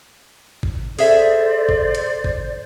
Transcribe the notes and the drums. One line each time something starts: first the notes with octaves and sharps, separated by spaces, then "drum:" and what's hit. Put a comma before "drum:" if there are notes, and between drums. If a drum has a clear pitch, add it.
drum: kick G#1
G#4 A4 C5 D5 E5, drum: open hi-hat
drum: kick G#1
drum: hi-hat
drum: kick G#1